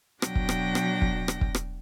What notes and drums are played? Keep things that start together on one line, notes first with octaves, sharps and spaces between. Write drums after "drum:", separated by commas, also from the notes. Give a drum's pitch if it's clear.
B2 F#3 D4 G5 A#6, drum: rim click
drum: kick
drum: rim click
drum: rim click
drum: kick
drum: rim click
drum: kick
drum: rim click